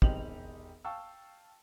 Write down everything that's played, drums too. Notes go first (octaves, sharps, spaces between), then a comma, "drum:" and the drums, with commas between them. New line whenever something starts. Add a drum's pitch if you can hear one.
E1 C4 D#4 G4 F7 F#7, drum: kick
F5 G5 A5 C#6 E6